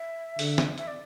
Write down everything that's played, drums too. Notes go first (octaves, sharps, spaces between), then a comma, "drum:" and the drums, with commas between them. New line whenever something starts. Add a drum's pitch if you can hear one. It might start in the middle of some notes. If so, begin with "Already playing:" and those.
Already playing: E5
D3, drum: open hi-hat
drum: snare
E5, drum: hi-hat
D5